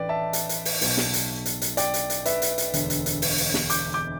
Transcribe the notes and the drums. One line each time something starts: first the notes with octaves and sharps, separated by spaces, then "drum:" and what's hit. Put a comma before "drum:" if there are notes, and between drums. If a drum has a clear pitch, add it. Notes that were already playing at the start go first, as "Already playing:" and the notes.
Already playing: A1 A2 E3 B4 D5 G5
E5 A5
drum: hi-hat
drum: hi-hat
drum: open hi-hat
B1 B2, drum: open hi-hat
drum: snare
drum: hi-hat
drum: hi-hat
drum: hi-hat
D5 G5, drum: hi-hat
drum: hi-hat
drum: hi-hat
B4 E5, drum: hi-hat
drum: hi-hat
drum: hi-hat
E1 D2 D3, drum: hi-hat
drum: hi-hat
drum: hi-hat
drum: open hi-hat
drum: open hi-hat
drum: snare
D6 G6, drum: hi-hat
D6 G6